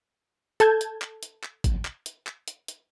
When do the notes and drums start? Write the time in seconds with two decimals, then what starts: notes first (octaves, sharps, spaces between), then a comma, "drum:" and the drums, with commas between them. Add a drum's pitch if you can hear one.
0.60 A4 A5 G6 G#6, drum: hi-hat
0.81 drum: hi-hat
1.02 drum: clap
1.23 drum: hi-hat
1.43 drum: clap
1.64 drum: kick, hi-hat
1.85 drum: clap
2.06 drum: hi-hat
2.27 drum: clap
2.48 drum: hi-hat
2.68 drum: hi-hat